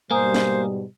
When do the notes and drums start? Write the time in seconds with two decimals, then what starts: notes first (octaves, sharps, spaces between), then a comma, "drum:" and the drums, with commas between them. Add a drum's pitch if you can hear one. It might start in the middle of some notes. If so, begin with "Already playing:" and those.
0.11 G#2 B2 G3 A#3 C5 G#5 A#5 D#6
0.34 drum: snare